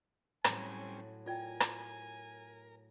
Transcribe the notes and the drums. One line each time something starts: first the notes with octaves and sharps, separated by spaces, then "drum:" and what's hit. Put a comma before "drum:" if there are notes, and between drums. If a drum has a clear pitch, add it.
A2 F#3 G3 C4 C#4 G#5, drum: rim click
F4 A#4 D5 G5 G#5
drum: rim click